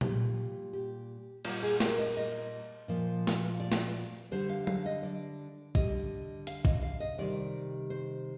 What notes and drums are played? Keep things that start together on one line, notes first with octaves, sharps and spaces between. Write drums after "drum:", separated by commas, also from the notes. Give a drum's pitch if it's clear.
A#2 G3 G4, drum: tom A#2
G4
A#2 G3 F4, drum: cymbal
G#4
A#4, drum: snare
D#5
D#5
A#2 F3
drum: snare
D5
drum: snare
D3 G3 C5
F5
F5, drum: tom F#3
D#5
D5
D3 G3 D#5, drum: kick
F5, drum: hi-hat
D#5, drum: kick
F5
D#5
C3 D#3 G3 D5
C5